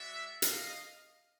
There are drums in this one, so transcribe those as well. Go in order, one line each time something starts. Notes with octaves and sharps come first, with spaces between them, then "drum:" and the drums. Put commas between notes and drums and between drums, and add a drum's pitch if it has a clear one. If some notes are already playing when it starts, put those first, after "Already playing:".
Already playing: G#3 F#4 D5 E5
D#5 F5, drum: hi-hat